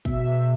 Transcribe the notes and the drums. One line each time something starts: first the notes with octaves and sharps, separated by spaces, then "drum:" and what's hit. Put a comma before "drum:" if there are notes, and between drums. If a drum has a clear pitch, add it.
B2 E5, drum: kick